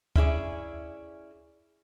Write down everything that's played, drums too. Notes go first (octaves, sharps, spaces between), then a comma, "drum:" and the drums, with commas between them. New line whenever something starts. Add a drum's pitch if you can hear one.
C#4 E4 G#4 D5, drum: kick